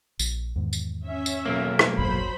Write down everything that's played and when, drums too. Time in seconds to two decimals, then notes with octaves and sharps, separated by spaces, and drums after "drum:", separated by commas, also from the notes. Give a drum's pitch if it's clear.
0.19 A#1, drum: tambourine
0.56 E2 G#2 D#3
0.73 drum: tambourine
1.05 C#4 E5
1.26 drum: tambourine
1.46 B1 A#3
1.79 drum: rim click
1.99 D#1 G#1 F#2 F#3 C5 B5